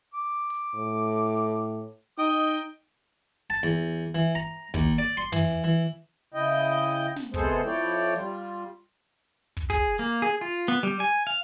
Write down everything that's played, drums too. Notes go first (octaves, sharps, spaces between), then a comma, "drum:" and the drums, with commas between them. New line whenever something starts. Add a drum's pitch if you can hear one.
D6
drum: hi-hat
A2
D#4 D#5 G5 D#6
A5
E2
E3
A#5
D#2, drum: kick
D5
C6
E3, drum: tom
E3
C#3 E4 D#5 G5
drum: snare
C3 G#3 B3 G#4 A4 C5, drum: kick
F2 F3 E4 C#5 D5 G5
G3 F4, drum: hi-hat
drum: kick
G#4, drum: kick
A#3
G#4
F4
B3
G3, drum: open hi-hat
G#5
F5